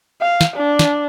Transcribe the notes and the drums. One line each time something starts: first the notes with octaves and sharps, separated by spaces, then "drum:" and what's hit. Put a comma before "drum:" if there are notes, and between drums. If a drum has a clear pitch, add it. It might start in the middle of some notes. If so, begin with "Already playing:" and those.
F5
drum: snare
D4
drum: snare